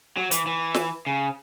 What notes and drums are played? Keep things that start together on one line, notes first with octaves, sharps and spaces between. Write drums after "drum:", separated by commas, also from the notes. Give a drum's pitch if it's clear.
F#3
E3, drum: hi-hat
E3
drum: snare
C#3